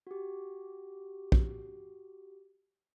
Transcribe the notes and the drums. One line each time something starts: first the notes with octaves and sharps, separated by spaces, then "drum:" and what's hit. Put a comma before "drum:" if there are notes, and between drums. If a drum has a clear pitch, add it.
F#4 G4
drum: kick